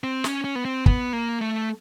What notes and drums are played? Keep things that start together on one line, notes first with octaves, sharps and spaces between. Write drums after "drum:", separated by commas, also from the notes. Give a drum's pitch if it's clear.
C4
C#4, drum: snare
C#4
B3
C4
B3, drum: kick
A#3
A3